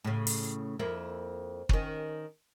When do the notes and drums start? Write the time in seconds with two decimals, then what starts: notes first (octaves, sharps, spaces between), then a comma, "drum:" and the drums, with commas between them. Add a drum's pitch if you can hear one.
0.04 A2 C#3
0.27 drum: open hi-hat
0.79 F2 A#3 E4
1.69 D#3 C#4, drum: kick